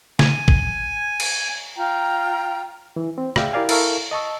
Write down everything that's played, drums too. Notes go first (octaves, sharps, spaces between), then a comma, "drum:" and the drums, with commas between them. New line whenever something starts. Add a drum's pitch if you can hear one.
G#5, drum: snare
drum: kick
drum: cymbal
F4 G5 A#5
E3
C4
G#4 D5 E5 F5 G5, drum: rim click
E4 G4 A#4 D5 F5 G#5
E4 A4 A#4 F5 C#6, drum: cymbal
D#5 A5 C#6 E6